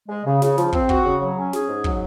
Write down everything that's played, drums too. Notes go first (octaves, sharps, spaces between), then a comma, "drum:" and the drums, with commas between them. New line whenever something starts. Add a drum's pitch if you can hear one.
G#3
C#3
C#3, drum: snare
F3, drum: snare
C4, drum: kick
F#4, drum: kick
C#3
F#3
C#4
G#4, drum: snare
G#2
F#3, drum: kick